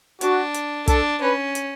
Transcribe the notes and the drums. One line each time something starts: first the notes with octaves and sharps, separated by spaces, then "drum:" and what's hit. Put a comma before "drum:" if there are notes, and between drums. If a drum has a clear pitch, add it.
D4 F#4, drum: hi-hat
drum: hi-hat
D4 A4, drum: kick, hi-hat
C#4 B4
drum: hi-hat